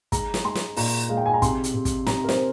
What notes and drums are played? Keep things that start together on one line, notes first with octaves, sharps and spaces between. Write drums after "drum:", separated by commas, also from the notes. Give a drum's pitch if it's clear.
G#3 A#5, drum: kick, hi-hat
drum: snare
G#3 C6
drum: snare
A#2 A#5, drum: open hi-hat
G#3 F5
G5
G#5
A#5
C3 C6, drum: kick, hi-hat
drum: hi-hat
C3
drum: kick, hi-hat
C3 A#5, drum: snare
A#4
C5, drum: snare